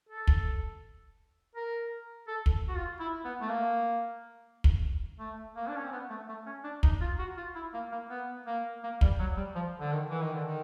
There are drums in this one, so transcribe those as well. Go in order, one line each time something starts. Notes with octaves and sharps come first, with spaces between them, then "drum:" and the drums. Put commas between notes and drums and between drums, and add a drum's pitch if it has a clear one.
A4
drum: kick
A#4
A4
drum: kick
F#4
F4
E4
B3
A3
A#3
drum: kick
A3
A#3
D4
C#4
C4
B3
A3
A3
C#4
D4
D#4, drum: kick
F4
F#4
F4
E4
A#3
A#3
B3
A#3
A#3
G3, drum: kick
F#3
G3
F3
D3
D#3
E3
D#3
D3
D#3